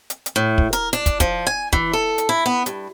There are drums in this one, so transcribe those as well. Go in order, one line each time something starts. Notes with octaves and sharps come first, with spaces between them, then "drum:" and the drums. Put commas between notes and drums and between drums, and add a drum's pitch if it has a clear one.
drum: hi-hat
drum: hi-hat
A2
drum: kick
A#4, drum: hi-hat
D4, drum: hi-hat
drum: kick, hi-hat
F3, drum: kick, hi-hat
G#5
E3, drum: kick
A4
drum: hi-hat
E4
B3
G2, drum: hi-hat